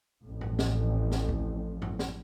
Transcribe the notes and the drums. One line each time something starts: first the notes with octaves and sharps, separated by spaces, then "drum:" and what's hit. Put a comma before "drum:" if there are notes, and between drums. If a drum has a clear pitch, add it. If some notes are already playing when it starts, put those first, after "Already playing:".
A1 F2 A2
drum: tom
drum: snare
drum: snare
drum: kick C#2
drum: tom
drum: snare